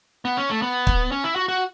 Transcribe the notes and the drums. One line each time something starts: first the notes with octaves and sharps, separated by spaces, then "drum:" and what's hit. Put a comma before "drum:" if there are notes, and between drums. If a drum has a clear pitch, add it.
B3
C#4
A3
B3
drum: kick
C#4
E4
F#4
F#4